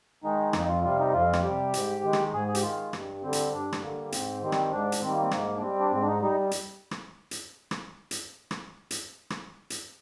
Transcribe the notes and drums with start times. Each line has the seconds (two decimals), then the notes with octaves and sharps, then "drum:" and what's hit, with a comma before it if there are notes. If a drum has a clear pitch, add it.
0.24 D#3 G#3 D#4
0.53 F2 D#4, drum: rim click
0.68 F4
0.83 C3 G3 F4
0.99 D#4
1.13 F2 F4
1.33 drum: rim click
1.43 C3 G3 G4
1.74 G#2, drum: hi-hat
2.04 D#3 G#3
2.13 drum: rim click
2.33 G#2 G#4
2.48 G#4
2.55 G4, drum: hi-hat
2.62 D#3 G#3 F4
2.93 G2, drum: rim click
3.23 D3 G3 C4
3.33 drum: hi-hat
3.53 G2 D4
3.73 drum: rim click
3.82 D3 G3 A#3
4.12 G#2 C4, drum: hi-hat
4.42 D#3 G3 C4
4.52 drum: rim click
4.72 G#2 D4
4.92 drum: hi-hat
5.01 D#3 G3 C4
5.13 A#3
5.22 C4
5.31 G#2 A#3, drum: rim click
5.57 D4
5.61 G3 C4
5.80 D4
5.91 G#2 C4
6.02 D4
6.07 D#4
6.21 G3 D#4
6.51 drum: hi-hat
6.91 drum: rim click
7.31 drum: hi-hat
7.71 drum: rim click
8.11 drum: hi-hat
8.51 drum: rim click
8.91 drum: hi-hat
9.30 drum: rim click
9.70 drum: hi-hat